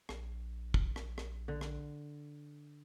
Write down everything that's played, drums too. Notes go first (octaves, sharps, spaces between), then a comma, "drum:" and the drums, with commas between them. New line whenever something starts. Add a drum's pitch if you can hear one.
A#1, drum: rim click
drum: kick
drum: rim click
drum: rim click
D3
drum: rim click